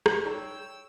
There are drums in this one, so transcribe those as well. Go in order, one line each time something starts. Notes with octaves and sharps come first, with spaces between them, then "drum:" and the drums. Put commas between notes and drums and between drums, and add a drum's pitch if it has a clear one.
drum: rim click
G3 D#4 C#5 G5 E6